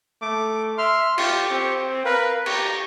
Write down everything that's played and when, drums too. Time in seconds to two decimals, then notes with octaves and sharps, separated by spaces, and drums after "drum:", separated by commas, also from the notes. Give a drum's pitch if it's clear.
0.22 A3 D6
0.78 E5 C6 F6
1.18 F4 G4 C#6, drum: cymbal
1.51 C4
2.05 A#4 B4 F5
2.46 G4 A#5 C#6, drum: cymbal